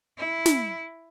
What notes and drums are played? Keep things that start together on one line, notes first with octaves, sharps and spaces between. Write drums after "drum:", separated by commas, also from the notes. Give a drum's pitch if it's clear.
E4
drum: snare